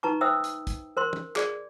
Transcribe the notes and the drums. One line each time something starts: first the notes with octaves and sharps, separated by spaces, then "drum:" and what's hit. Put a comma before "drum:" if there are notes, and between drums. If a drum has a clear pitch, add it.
D#4 B4 A5 A#5 C#6
C5 E5 G5 D#6 E6
drum: hi-hat
drum: kick, hi-hat
A#4 C5 C6
drum: tom
G#4 D5, drum: clap